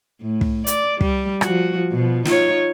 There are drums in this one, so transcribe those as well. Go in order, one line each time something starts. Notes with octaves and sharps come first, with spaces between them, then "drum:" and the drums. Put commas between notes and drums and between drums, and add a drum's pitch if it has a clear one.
A2
drum: kick
D5, drum: hi-hat
G3, drum: kick
F3 F#4, drum: rim click
B2 F3
D#4 F4 C#5, drum: snare